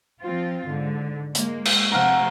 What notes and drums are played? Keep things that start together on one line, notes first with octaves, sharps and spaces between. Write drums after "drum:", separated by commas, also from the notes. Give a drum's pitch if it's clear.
F3 C4 F4
G#2 D3
G#3 A#3, drum: hi-hat
drum: cymbal
C3 F3 A3 F5 F#5 A#5